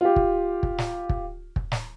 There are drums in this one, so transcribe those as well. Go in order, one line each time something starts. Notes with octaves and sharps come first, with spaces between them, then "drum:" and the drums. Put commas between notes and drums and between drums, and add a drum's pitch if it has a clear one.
F4 G4
drum: kick
drum: kick
drum: snare
drum: kick
drum: kick
drum: snare